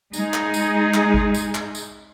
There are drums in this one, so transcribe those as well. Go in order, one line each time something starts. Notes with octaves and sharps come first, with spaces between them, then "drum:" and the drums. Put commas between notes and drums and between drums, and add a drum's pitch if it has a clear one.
G#3 D#4 G#4, drum: tambourine
drum: clap
drum: tambourine
drum: clap
drum: kick G#1
drum: tambourine
drum: clap
drum: tambourine